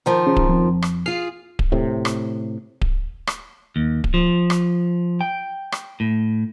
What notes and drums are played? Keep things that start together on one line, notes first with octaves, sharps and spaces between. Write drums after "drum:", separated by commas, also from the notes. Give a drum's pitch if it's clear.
D#3 F3 A#4
C#3
drum: kick D1
F2
drum: rim click
F4 G#4 F6 C7
drum: kick D1
A2 C3
drum: rim click
drum: kick D1
drum: rim click
D#2
drum: kick D1
F3
drum: rim click
G5
drum: rim click
A2